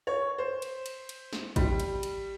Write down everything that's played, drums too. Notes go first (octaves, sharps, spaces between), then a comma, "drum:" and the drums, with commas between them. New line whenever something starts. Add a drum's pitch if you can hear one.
C#5
C5
drum: cymbal
drum: cymbal
drum: cymbal
drum: snare
G3, drum: kick G#1, cymbal
drum: cymbal
drum: cymbal